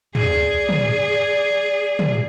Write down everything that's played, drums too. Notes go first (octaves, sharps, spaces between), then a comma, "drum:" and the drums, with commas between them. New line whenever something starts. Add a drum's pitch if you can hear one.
G#4 D5, drum: tom
drum: tom
drum: tom